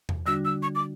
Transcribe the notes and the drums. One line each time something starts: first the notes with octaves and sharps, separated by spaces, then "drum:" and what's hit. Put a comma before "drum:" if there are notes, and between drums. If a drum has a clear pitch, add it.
drum: tom E2
D3 G3 D4 F#4 E6
E6
C#6
D6